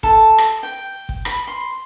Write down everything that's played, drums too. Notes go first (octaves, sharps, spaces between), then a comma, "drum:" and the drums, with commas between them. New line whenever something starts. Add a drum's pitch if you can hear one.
A4, drum: kick
drum: rim click
G5
drum: kick
B5, drum: rim click
C6